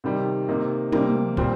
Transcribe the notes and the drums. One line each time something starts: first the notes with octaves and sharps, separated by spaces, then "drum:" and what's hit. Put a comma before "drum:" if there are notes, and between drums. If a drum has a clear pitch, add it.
C3 D#3 G3
C3 D#3 A#3 D#4
C3 G3 A#3, drum: tom
A#2 G3 C4 F4, drum: kick